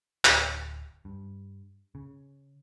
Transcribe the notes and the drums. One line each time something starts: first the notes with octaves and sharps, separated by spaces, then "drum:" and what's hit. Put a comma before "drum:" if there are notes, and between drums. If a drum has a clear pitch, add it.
D1, drum: clap
G2
C#3